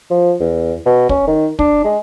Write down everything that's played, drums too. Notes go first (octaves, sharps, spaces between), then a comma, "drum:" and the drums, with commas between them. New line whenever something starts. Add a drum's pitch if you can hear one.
F3
E2
B2
C#4, drum: kick
D#3
D4, drum: kick
G#3